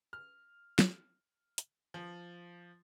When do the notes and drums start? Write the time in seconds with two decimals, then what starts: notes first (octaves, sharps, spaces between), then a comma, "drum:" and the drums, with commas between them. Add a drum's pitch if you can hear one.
0.13 F6
0.79 drum: snare
1.58 drum: hi-hat
1.94 F3